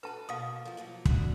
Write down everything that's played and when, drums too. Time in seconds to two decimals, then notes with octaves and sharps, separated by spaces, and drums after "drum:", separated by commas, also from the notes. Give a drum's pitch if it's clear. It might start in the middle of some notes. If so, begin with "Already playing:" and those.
0.03 F#4 A4 B4 A5
0.29 B2 A#3 F5 D#6
0.65 F3 A3
0.77 F3 F#3 A#3
1.05 A3 D4 F#4, drum: kick